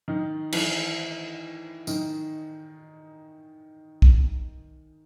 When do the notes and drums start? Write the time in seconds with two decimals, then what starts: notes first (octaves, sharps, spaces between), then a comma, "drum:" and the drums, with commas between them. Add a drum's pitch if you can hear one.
0.08 D#3 D#4
0.52 E3 E4, drum: cymbal
1.87 D#3 D#4, drum: tambourine
4.02 drum: kick